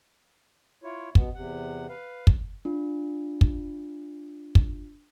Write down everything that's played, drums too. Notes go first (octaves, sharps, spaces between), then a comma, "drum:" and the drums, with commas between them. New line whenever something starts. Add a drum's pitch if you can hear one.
E4 F4 C#5
B2 B3, drum: kick
E2 C3 F#5
B4 F5
drum: kick
D4 F4
drum: kick
drum: kick